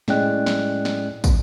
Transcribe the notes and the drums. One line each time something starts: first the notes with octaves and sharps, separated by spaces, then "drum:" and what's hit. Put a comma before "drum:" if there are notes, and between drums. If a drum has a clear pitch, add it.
A2 G#3 C#4 D5 G5 F#6, drum: snare
drum: snare
drum: snare
drum: kick, tambourine